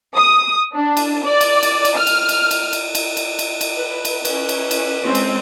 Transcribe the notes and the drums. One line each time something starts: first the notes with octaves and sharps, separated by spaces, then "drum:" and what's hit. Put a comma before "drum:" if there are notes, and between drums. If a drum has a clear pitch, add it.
D#6
D4
drum: cymbal
D5
drum: cymbal
drum: cymbal
drum: cymbal
F6
drum: cymbal
drum: cymbal
drum: cymbal
drum: cymbal
drum: cymbal
drum: cymbal
drum: cymbal
drum: cymbal
B4
drum: cymbal
C#4 B4, drum: cymbal
drum: cymbal
drum: cymbal
G#3 C4 C#4
drum: cymbal